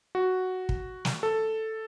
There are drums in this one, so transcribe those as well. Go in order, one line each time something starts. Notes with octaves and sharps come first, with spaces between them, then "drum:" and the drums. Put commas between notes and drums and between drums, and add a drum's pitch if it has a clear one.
F#4
drum: kick
drum: snare
A4